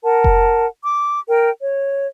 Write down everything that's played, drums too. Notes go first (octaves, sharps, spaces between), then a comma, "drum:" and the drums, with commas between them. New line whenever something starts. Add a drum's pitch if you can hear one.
A#4 F#5 A5
drum: kick F1
D6
A#4 G5
C#5